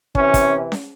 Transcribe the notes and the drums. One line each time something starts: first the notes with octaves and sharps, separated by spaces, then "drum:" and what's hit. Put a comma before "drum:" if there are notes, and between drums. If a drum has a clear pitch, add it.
C3 E3 C#4, drum: kick
drum: kick, hi-hat
drum: snare C#4